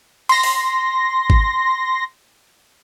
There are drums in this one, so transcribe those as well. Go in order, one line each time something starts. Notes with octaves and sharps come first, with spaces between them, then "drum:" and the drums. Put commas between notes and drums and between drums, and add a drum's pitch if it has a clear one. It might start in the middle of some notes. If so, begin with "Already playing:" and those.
C6 A#6, drum: cymbal
drum: open hi-hat
drum: kick